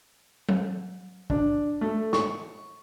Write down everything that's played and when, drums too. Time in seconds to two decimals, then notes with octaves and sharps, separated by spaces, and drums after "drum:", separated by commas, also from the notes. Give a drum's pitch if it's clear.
0.49 drum: tom F#3
1.30 D4, drum: kick
1.81 A3
2.13 C#6, drum: snare